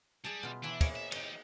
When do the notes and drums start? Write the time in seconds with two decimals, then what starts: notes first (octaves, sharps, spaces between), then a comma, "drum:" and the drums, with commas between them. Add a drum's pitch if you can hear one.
0.24 G3 G#4 A5
0.43 B2 F4
0.63 E3 D4 E4
0.81 A#3 G#4 C#5, drum: kick, cymbal
0.96 E5
1.12 D#4 G4 C#5 D#5, drum: cymbal